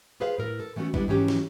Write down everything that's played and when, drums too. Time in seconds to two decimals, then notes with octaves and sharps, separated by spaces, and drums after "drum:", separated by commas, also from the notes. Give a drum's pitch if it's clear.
0.20 F4 G#4 B4 C5 F5
0.38 A2 A#4
0.60 A4
0.76 E3 A3 B3 C#4 F#4
0.94 G3 G#3 B3 D4 E4, drum: kick A1
1.08 G#2 E3 F#3 C#4 G4
1.28 drum: snare